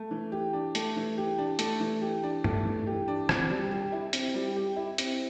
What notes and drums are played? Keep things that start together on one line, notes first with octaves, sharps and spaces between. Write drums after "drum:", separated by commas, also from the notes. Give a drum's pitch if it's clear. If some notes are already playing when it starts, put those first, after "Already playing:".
Already playing: A3
E3
G4
D4
A3, drum: hi-hat
E3
G4
D4
A3, drum: hi-hat
E3
G4
D4
A3, drum: tom G2
E3
G4
D4
C4, drum: rim click
G3
G4
E4
C4, drum: hi-hat
G3
G4
E4
C4, drum: hi-hat